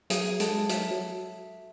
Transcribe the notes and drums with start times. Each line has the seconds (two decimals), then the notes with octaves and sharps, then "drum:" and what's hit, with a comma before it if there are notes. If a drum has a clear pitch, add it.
0.10 F#3 G#4, drum: hi-hat
0.40 G#3 A4, drum: hi-hat
0.69 F#3 E5, drum: hi-hat
0.91 F#3